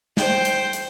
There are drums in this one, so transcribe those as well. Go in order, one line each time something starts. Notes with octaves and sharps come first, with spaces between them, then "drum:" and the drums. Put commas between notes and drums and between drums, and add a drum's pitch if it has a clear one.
C5 G5, drum: snare
drum: hi-hat
drum: hi-hat